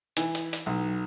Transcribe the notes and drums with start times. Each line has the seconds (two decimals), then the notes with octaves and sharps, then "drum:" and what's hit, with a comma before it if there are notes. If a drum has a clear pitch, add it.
0.17 E3, drum: hi-hat
0.35 drum: hi-hat
0.53 drum: hi-hat
0.66 B1